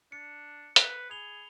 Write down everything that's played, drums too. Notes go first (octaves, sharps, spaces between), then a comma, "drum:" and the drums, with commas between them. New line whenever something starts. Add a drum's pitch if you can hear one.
D4 C#7
B4, drum: hi-hat
G#4 B5 F7 G7